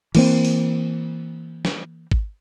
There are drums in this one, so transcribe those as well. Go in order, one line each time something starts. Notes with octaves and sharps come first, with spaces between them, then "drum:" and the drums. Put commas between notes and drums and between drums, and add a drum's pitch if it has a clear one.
E3 A#3 C4, drum: cymbal
drum: open hi-hat
drum: snare
drum: kick G#1